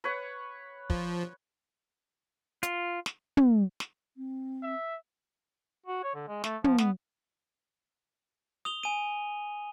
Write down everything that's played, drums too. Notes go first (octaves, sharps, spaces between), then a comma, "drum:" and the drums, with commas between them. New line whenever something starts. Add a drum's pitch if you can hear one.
B4 C#5 F#5
F3, drum: kick
F4, drum: hi-hat
drum: snare
drum: tom
drum: snare
C4
E5
F#4
C#5
D3
G#3
A3, drum: snare
F3, drum: tom
B3, drum: snare
D#6 F7 G7
G#5 D#7